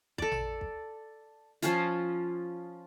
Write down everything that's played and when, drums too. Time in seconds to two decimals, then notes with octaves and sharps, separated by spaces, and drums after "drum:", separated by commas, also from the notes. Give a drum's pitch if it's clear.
0.18 A4 D5, drum: kick
0.31 drum: tom A1
0.61 drum: kick
1.62 F3 C#4 F4, drum: hi-hat